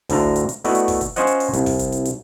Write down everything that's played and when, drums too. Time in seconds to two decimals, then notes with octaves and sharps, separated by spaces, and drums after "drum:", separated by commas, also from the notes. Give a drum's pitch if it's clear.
0.09 D2 A2 D3 F4 A#5, drum: kick, open hi-hat
0.36 drum: hi-hat
0.49 drum: hi-hat
0.64 A3 B3 E4 F#4 D5 D#5, drum: open hi-hat
0.75 drum: hi-hat
0.88 drum: kick, open hi-hat
1.01 drum: hi-hat
1.16 C#4 F4 C5 C#5 D#5 F#5, drum: hi-hat
1.27 drum: hi-hat
1.40 drum: open hi-hat
1.53 C2, drum: hi-hat
1.66 drum: kick, open hi-hat
1.79 drum: hi-hat
1.92 drum: hi-hat
2.05 drum: hi-hat